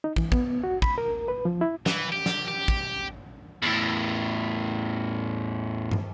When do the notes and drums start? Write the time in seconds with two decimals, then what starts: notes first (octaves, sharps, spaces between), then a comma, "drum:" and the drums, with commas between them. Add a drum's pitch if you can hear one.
0.04 D#4
0.16 E3, drum: kick
0.32 B3, drum: kick
0.64 F#4
0.82 B5, drum: kick
0.98 A#4
1.28 B4
1.45 F3
1.61 E4
1.86 E3, drum: snare
2.13 G4
2.26 drum: snare
2.48 G4
2.68 drum: kick
3.63 E2 A2
5.91 drum: tom